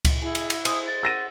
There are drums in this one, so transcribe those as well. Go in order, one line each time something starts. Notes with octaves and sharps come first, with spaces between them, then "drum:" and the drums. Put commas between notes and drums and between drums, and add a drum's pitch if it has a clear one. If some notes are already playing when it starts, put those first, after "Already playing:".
drum: kick C#2, cymbal
E4 G#4
drum: cymbal
drum: cymbal
G#4 C5 D#6, drum: cymbal
A6
F#5 E6 A#6 D#7